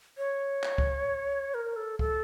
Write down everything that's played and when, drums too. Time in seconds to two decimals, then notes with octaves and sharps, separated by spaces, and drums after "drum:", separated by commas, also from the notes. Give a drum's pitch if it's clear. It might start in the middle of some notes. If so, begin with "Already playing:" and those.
0.18 C#5
0.63 drum: clap
0.78 drum: kick C#2
1.54 A#4
1.76 A4
1.99 A4, drum: kick C#2